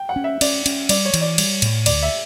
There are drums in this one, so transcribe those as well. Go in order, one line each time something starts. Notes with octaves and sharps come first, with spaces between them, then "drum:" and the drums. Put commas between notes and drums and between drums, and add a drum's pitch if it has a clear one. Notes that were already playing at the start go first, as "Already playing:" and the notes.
Already playing: G5
F#5
C#4
E5
C#4 D5, drum: cymbal
C#4, drum: cymbal
G3 D5, drum: cymbal
C#5
E3, drum: cymbal
D5
G3, drum: cymbal
A2, drum: cymbal
D2 D5, drum: cymbal
E5